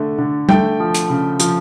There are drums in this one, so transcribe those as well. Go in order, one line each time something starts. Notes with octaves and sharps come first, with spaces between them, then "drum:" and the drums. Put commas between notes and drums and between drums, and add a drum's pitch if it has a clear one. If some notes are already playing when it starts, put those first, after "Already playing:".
Already playing: D3 A3
D3
A3 G5, drum: tom G3
F3
drum: hi-hat
C#3
F3, drum: hi-hat